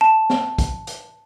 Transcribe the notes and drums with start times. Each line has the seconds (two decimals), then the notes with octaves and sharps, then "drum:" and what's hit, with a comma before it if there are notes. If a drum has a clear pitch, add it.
0.01 A5
0.30 drum: snare
0.58 drum: kick, hi-hat
0.87 drum: hi-hat